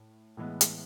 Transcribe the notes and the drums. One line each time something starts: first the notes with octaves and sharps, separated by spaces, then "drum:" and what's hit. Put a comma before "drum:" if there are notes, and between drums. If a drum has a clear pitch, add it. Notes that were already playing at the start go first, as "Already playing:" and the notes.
Already playing: A2
A2 E3 G#3 B3
drum: hi-hat